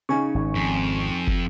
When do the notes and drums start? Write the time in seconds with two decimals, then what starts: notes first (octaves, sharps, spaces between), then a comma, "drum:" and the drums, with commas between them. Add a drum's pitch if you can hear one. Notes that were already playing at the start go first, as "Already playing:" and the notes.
0.09 C#3 D#4 G#5 C#6
0.35 G#1
0.55 F2
1.27 drum: kick